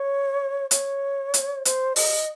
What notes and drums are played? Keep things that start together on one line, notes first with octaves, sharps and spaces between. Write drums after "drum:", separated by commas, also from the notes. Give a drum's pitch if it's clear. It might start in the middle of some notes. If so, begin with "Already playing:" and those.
Already playing: C#5
C#5, drum: hi-hat
drum: hi-hat
C5, drum: hi-hat
D#5, drum: open hi-hat